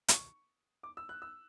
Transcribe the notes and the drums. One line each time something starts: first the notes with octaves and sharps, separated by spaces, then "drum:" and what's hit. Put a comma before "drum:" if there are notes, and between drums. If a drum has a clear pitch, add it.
C#6, drum: hi-hat
D6
E6
F#6
E6